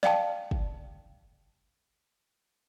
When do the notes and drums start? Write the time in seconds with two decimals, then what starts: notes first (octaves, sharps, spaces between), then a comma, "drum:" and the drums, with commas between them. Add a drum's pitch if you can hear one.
0.03 D5 F5 G5 A5, drum: snare
0.51 drum: kick